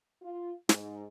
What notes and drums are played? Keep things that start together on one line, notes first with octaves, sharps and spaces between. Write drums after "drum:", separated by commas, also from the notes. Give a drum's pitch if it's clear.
F4
G#2, drum: snare